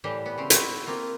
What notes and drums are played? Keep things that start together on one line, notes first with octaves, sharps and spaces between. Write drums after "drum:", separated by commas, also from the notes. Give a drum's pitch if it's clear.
A2 E3 G3 G4
B3
C#3 C4
B3 E4 F#4 C5 D#5, drum: hi-hat
A#3 C4 F4